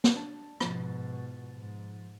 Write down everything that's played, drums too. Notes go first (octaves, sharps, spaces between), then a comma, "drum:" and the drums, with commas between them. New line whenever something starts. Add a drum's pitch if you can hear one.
drum: snare
D4 A5
G#2 B2 F3 A6, drum: rim click
G#2